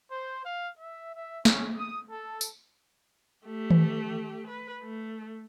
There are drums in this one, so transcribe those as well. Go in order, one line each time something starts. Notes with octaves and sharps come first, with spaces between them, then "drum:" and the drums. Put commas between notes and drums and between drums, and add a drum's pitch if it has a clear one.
C5
F5
E5
E5
C#4, drum: snare
D#6
A4
drum: tambourine
A3 G4
drum: tom D#3
B4
A3